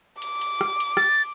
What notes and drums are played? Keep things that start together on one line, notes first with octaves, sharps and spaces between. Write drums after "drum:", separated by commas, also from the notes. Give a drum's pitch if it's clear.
D6, drum: cymbal
drum: cymbal
drum: rim click
drum: cymbal
A6, drum: rim click